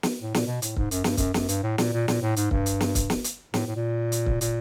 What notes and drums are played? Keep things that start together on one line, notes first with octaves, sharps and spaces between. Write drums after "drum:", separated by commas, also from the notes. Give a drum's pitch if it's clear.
drum: snare
A2
A#2, drum: snare
B2
A2, drum: hi-hat
G#2, drum: kick C#1
F#2, drum: hi-hat
G2, drum: snare
F#2, drum: kick C#1, hi-hat
F#2, drum: snare
G2, drum: hi-hat
A2
A#2, drum: snare
A#2
A#2, drum: snare
A2
G#2, drum: hi-hat
G2, drum: kick C#1
drum: hi-hat
drum: snare
drum: kick C#1, hi-hat
drum: snare
drum: hi-hat
A2, drum: snare
A2
A#2
drum: hi-hat
drum: kick C#1
A#2, drum: hi-hat